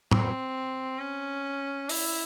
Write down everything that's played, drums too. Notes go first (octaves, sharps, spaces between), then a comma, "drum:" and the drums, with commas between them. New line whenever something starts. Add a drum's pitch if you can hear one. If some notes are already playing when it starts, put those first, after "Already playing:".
C4, drum: tom
C#4
E4, drum: open hi-hat